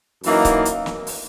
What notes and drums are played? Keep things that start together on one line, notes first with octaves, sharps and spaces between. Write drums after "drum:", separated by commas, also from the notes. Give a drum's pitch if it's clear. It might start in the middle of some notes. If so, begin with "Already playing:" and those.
F#2 E3 A#3 D#4, drum: open hi-hat
drum: kick C#1, hi-hat
drum: hi-hat
drum: snare
drum: open hi-hat